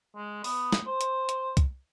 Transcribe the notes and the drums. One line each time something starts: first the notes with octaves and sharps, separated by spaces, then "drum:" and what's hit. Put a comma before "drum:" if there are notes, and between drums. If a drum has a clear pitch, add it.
G#3
B3, drum: open hi-hat
drum: snare
C5
drum: hi-hat
drum: hi-hat
drum: kick, hi-hat